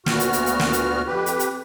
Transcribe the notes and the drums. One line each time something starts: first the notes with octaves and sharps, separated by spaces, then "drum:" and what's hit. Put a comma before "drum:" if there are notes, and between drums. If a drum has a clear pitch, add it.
D2 A#2 B3 F#4 F6, drum: snare
drum: hi-hat
drum: hi-hat
drum: hi-hat
drum: snare
drum: hi-hat
F2 G4 B4
drum: hi-hat
drum: hi-hat